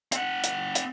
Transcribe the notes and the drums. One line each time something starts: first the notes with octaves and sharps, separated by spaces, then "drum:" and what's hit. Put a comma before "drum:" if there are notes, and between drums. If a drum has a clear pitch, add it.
C4 F#5, drum: hi-hat
drum: hi-hat
drum: hi-hat